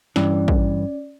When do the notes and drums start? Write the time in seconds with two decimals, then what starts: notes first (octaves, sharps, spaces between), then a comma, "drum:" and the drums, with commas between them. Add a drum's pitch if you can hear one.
0.16 G2 E3 C#4 D5, drum: snare
0.48 drum: kick